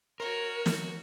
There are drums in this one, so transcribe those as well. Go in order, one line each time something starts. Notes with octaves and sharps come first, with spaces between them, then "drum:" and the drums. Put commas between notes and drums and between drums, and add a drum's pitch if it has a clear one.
F#4 A#4 C#5
drum: snare